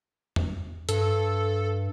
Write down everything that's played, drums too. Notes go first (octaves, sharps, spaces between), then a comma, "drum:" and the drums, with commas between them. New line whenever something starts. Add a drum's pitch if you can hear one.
drum: tom E2
G2 A4, drum: hi-hat